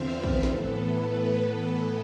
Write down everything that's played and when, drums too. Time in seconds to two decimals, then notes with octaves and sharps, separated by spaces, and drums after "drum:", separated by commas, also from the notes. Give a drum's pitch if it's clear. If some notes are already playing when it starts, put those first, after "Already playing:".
Already playing: E2 D3 F3 C4 C5 E5 F5
0.09 B4
0.23 drum: kick
0.43 A2 E3 B3 A4, drum: snare
0.78 B4
1.14 A4